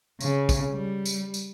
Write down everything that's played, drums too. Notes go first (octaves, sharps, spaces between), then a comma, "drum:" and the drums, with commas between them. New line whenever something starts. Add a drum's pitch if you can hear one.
C#3, drum: tambourine
drum: kick, tambourine
G3
drum: tambourine
drum: tambourine